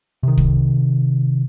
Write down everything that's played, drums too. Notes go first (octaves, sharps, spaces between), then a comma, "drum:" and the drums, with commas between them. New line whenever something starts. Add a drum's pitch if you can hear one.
C3 D#3
drum: kick